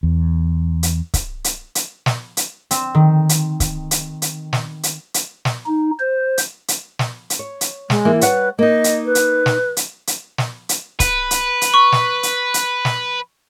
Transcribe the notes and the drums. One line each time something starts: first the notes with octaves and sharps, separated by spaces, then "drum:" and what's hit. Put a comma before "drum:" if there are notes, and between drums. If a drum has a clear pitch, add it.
E2
drum: hi-hat
drum: kick C#1, hi-hat
drum: hi-hat
drum: hi-hat
drum: snare
drum: hi-hat
C4, drum: hi-hat
D#3
drum: hi-hat
drum: kick C#1, hi-hat
drum: hi-hat
drum: hi-hat
drum: snare
drum: hi-hat
drum: hi-hat
drum: snare
D#4
C5
drum: hi-hat
drum: hi-hat
drum: snare
drum: hi-hat
C#5
drum: hi-hat
G#3, drum: snare
E3 A#3
G3 B4 C#5 F#5, drum: hi-hat
A#3 D#4 D#5
drum: hi-hat
B4
drum: hi-hat
drum: snare
drum: hi-hat
drum: hi-hat
drum: snare
drum: hi-hat
B4, drum: kick C#1, hi-hat
drum: hi-hat
drum: hi-hat
C#6
drum: snare
drum: hi-hat
drum: hi-hat
drum: snare